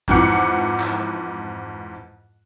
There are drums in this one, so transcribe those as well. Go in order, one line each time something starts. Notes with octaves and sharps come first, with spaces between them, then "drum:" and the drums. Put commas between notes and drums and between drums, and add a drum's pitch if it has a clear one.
F2 G#2 E3 F#5 D6, drum: kick
drum: clap